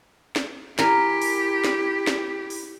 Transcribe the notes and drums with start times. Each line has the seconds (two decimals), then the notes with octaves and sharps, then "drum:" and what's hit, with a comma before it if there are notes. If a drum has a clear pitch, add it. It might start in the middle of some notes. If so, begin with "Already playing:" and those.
0.36 drum: snare
0.79 E4 G4 A#4 G#5, drum: snare
1.22 drum: open hi-hat
1.64 drum: snare
2.07 drum: snare
2.50 drum: open hi-hat